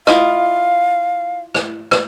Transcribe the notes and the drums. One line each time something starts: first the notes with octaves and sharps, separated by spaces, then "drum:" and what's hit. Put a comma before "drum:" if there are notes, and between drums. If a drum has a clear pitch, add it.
E4 F4 D#5 F5, drum: rim click
drum: rim click
drum: rim click